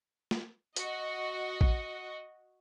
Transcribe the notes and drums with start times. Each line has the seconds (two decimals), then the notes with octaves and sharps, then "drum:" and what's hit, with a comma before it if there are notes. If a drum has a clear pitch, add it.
0.31 drum: snare
0.76 F#4 D#5, drum: hi-hat
1.61 drum: kick A#1